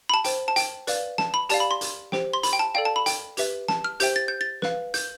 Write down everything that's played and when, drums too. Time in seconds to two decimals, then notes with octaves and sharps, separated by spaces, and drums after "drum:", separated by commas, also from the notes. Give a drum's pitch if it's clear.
0.09 B5
0.14 A5
0.24 C5 G5, drum: hi-hat
0.48 A5
0.56 G5, drum: hi-hat
0.87 B4 D5 F5, drum: hi-hat
1.18 A5, drum: snare
1.34 B5
1.49 G4 D5 F5 A5, drum: hi-hat
1.60 B5
1.71 C6
1.81 drum: hi-hat
2.12 G4 C5 G5, drum: snare
2.34 C6
2.43 B5, drum: hi-hat
2.53 G5
2.59 A5
2.74 A4 D5 F5 G5
2.85 A5
2.96 B5
3.06 G5, drum: hi-hat
3.37 G4 B4 E5, drum: hi-hat
3.68 A5, drum: snare
3.84 F6
4.00 G4 C5 E5 G5 G6, drum: hi-hat
4.16 A6
4.28 G6
4.41 A6
4.62 B4 F5, drum: snare
4.94 G6, drum: hi-hat